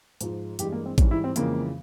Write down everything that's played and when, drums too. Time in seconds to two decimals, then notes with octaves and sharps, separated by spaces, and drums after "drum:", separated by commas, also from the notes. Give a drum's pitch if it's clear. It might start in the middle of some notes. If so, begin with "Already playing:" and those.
0.21 G#2 F3 G#3, drum: hi-hat
0.59 G2 E3 G#3 G4, drum: hi-hat
0.72 A#3
0.86 C4
0.98 G#2 E3 G3 C#4, drum: kick A1, hi-hat
1.11 E4
1.24 C4
1.36 F2 C#3 E3 G#3 A#3, drum: hi-hat